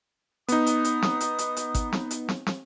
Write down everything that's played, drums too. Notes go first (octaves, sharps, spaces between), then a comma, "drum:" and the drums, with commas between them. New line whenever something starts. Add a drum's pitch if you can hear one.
B3 D#4 D#6, drum: hi-hat
drum: hi-hat
drum: hi-hat
drum: snare
drum: hi-hat
drum: hi-hat
drum: hi-hat
drum: kick G#1, hi-hat
drum: snare
drum: hi-hat
drum: snare
drum: snare